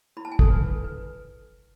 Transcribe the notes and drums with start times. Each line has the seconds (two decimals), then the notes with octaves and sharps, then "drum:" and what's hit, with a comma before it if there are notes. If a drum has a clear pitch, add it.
0.17 E4 B5
0.25 A5
0.32 G#5
0.39 A4 A5, drum: kick
0.50 B4
0.84 B4